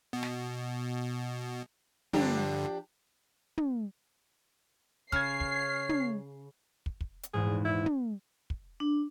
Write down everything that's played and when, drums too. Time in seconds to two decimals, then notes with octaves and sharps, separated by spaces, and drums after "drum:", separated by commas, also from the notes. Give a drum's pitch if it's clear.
0.13 B2
0.23 drum: snare
2.13 G2 D3 F3 D4 G4, drum: tom
3.58 drum: tom
5.12 C#3 C#5 F6 G#6 C7, drum: kick
5.40 drum: kick
5.89 drum: tom
6.86 drum: kick
7.01 drum: kick
7.23 drum: hi-hat
7.34 A#1 E2 G#2 G#4
7.65 E4
7.86 drum: tom
8.50 drum: kick
8.80 D4